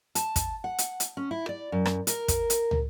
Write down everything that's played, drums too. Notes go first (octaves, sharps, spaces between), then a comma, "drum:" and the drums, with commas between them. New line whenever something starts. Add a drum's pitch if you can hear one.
A5, drum: hi-hat
drum: kick, hi-hat
F#5
drum: hi-hat
drum: hi-hat
C#4
E4
D5
F#2
drum: rim click
A#4, drum: hi-hat
drum: kick, hi-hat
drum: hi-hat
drum: tom